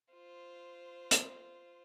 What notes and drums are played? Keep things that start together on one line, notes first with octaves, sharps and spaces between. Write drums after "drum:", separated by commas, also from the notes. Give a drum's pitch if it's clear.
F4 C5
drum: hi-hat